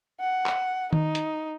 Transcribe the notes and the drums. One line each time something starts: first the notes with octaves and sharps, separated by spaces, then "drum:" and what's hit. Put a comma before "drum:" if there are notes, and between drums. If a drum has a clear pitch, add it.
F#5
drum: clap
D#4, drum: tom D#3
drum: hi-hat